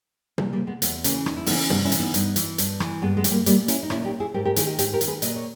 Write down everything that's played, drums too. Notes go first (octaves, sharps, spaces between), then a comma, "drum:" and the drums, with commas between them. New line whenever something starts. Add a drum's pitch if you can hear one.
A#2 G3, drum: tom
G3 A#3
G#3 B3
E2 G#3 B3, drum: hi-hat
C#3 E3 A#3 C#4, drum: hi-hat
E2 D#4, drum: rim click
E4
C#3 E3 B3 D#4, drum: open hi-hat
G2 B3 D#4, drum: tom
C#4 E4
E3, drum: hi-hat
B3 D#4
G2, drum: hi-hat
E3, drum: hi-hat
G2, drum: hi-hat
E3, drum: rim click
G2 G#3 B3
G#3 B3
E3, drum: hi-hat
G3 A#3
A#2 G3 A#3, drum: hi-hat
C#4 E4, drum: hi-hat
D#4
A#2 C#4 E4, drum: rim click
D#4 G4
E4 G#4
G#2 G4 A#4
G4 A#4
D#3 E4 G#4, drum: hi-hat
D#4 G4
G#2 D#4 G4, drum: hi-hat
G4 A#4
D#3, drum: hi-hat
G#4 B4
A#2 B4 D#5, drum: hi-hat
C#5